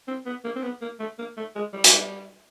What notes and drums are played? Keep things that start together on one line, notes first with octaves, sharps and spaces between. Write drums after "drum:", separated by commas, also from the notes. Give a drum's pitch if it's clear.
C4
B3
A#3
C4
B3
A#3
A3
A#3
A3
G#3
G3
drum: hi-hat